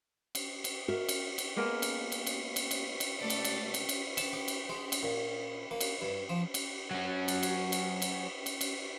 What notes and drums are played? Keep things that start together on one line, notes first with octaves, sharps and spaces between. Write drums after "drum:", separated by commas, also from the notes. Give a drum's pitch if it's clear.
drum: cymbal
drum: cymbal
F#4 A#4 D#5 E5
drum: cymbal
drum: cymbal
G#3 A#3 B3 A#4
drum: cymbal
drum: cymbal
drum: cymbal
drum: cymbal
drum: cymbal
drum: cymbal
C3 G#3 A3 A4 D5
drum: cymbal
drum: cymbal
drum: cymbal
drum: cymbal
A5, drum: cymbal
G4
drum: cymbal
G#3
drum: cymbal
A#2
A#3
drum: cymbal
G2
F3
drum: cymbal
F#3 C#4
drum: cymbal
drum: cymbal
drum: cymbal
drum: cymbal
drum: cymbal
drum: cymbal